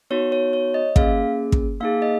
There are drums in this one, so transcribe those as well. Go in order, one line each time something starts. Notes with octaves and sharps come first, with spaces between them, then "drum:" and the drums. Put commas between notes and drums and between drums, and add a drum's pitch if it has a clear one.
B3 D#4 F#4 C#5
C#5
C#5
D#5
A#3 C#4 G#4 F5, drum: kick
drum: kick
A#3 D#4 G#4 F5
D#5